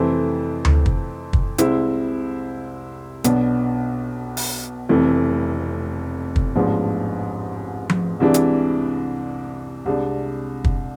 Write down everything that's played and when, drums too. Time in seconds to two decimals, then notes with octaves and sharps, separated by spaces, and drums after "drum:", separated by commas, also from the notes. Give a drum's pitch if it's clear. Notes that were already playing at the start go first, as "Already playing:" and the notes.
Already playing: F2 C3 E3 A3 C4
0.65 drum: tom D2
0.86 drum: kick
1.33 drum: kick
1.58 C2 C3 G#3 C4 E4, drum: hi-hat
3.24 B1 B2 B3 D4, drum: hi-hat
4.37 drum: open hi-hat
4.89 F1 F2 E3 A3
6.36 drum: kick
6.55 A1 G#2 F3 B3 D4
7.90 drum: tom F3
8.20 C2 C3 E3 G#3 D4
8.34 drum: hi-hat
9.86 C2 C3 G#3 D4
10.64 drum: kick